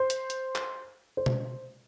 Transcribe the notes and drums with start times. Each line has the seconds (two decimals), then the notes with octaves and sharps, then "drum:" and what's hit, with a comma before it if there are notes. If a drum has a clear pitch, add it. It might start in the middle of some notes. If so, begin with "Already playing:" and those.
Already playing: C5
0.10 drum: hi-hat
0.30 drum: hi-hat
0.55 drum: clap
1.17 C5
1.26 drum: tom B2